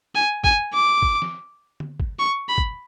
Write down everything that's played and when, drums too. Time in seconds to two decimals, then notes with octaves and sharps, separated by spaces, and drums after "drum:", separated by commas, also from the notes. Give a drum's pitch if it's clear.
0.15 G#5
0.44 G#5, drum: kick
0.73 D6
1.02 drum: kick
1.22 drum: snare
1.80 drum: tom D3
2.00 drum: kick
2.19 C#6
2.49 B5
2.58 drum: kick